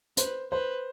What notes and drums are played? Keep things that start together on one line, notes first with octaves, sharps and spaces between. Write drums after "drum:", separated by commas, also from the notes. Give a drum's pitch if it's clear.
B4 C5, drum: hi-hat
B4 C5